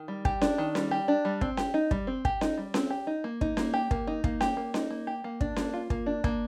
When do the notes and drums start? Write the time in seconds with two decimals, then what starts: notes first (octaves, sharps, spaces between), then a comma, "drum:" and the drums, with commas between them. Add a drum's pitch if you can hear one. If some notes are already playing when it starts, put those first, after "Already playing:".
Already playing: D#3
0.08 G3
0.25 G4, drum: kick
0.41 D4, drum: snare C#4
0.58 D#3
0.75 G3, drum: snare C#4
0.91 G4
1.08 D4
1.25 G3
1.41 C4, drum: kick
1.57 G4, drum: snare C#4
1.74 D#4
1.91 G3, drum: kick
2.07 C4
2.25 G4, drum: kick
2.41 D#4, drum: snare C#4
2.58 G3
2.74 C4, drum: snare C#4
2.90 G4
3.07 D#4
3.24 A#3
3.41 D#4, drum: kick
3.57 A#3, drum: snare C#4
3.74 G4
3.91 A#3, drum: kick
4.07 D#4
4.24 A#3, drum: kick
4.41 G4, drum: snare C#4
4.57 A#3
4.74 D#4, drum: snare C#4
4.90 A#3
5.07 G4
5.24 A#3
5.41 D4, drum: kick
5.56 A#3, drum: snare C#4
5.74 F4
5.90 A#3, drum: kick
6.06 D4
6.24 A#3, drum: kick